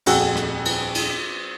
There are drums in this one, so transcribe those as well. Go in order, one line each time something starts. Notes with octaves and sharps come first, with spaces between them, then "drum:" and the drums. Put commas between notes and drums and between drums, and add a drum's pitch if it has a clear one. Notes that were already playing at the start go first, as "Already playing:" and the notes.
D#1 F2 F#4 G#4 E6, drum: cymbal
drum: rim click
drum: cymbal
drum: cymbal